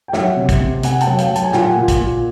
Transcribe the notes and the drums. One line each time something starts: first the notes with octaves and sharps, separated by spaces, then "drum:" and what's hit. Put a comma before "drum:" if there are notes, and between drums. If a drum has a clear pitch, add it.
G5
F#3 E5 F#5, drum: snare
C3
drum: kick, hi-hat
C3
C3 F#5 G#5, drum: hi-hat
G5 A5, drum: hi-hat
F#3
F5 G5, drum: hi-hat
F#3
A5, drum: hi-hat
G#5
A#2 G5, drum: snare
F#5 G#5
A#2
drum: kick, hi-hat
A#2